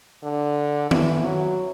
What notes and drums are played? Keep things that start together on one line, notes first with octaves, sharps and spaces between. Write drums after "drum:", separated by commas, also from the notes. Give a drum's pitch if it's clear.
D3
E3, drum: tom D#3
F#3